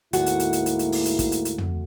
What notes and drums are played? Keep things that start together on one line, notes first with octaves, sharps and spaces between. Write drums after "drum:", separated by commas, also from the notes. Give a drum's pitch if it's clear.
D2 G#2 A#3 E4 F#4 F#5, drum: hi-hat
drum: hi-hat
drum: hi-hat
drum: hi-hat
drum: hi-hat
drum: hi-hat
drum: open hi-hat
drum: hi-hat
drum: kick, hi-hat
drum: hi-hat
drum: hi-hat
drum: tom